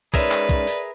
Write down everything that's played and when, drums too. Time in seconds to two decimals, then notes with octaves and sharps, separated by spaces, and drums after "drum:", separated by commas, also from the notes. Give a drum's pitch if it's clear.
0.14 G#3 C#4 D#4 G#4 A#4 B4 D5 E5, drum: kick, open hi-hat
0.31 drum: clap
0.49 drum: kick, hi-hat
0.67 drum: open hi-hat